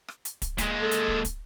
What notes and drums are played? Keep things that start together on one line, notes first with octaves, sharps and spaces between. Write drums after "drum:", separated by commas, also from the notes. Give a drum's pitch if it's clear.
drum: rim click
drum: hi-hat
drum: kick, hi-hat
A#2 G#3, drum: kick, hi-hat
A4
drum: hi-hat
drum: kick
drum: kick, hi-hat